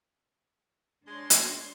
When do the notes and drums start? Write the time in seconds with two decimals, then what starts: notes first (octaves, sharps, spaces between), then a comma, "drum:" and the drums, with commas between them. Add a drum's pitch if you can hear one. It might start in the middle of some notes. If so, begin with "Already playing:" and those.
1.07 G#3 D4 C#5 C6
1.30 drum: hi-hat